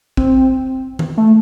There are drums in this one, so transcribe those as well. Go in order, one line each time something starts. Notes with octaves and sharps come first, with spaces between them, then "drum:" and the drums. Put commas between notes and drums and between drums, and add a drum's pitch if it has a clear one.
C4, drum: kick
drum: tom D#3
A3